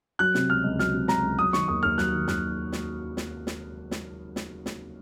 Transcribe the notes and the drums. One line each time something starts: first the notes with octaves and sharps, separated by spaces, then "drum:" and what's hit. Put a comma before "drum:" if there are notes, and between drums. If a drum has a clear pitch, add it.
F#3 F#6
C3, drum: snare
C#2 F6
C#2
F#3 F6, drum: snare
C3
C#2 A#5, drum: snare
C#2
F#3 D#6
D#3 C#6, drum: snare
D#2 D#6
D#2 F6
F#3 F#6, drum: snare
D#3
D#2 F#6, drum: snare
drum: snare
drum: snare
drum: snare
drum: snare
drum: snare
drum: snare